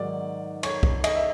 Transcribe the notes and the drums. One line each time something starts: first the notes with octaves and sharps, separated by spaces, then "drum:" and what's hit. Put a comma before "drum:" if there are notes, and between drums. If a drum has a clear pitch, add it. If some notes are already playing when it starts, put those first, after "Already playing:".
Already playing: G#2 D#3 F#3 D5
C#5, drum: cymbal
drum: kick
D#5, drum: cymbal
E5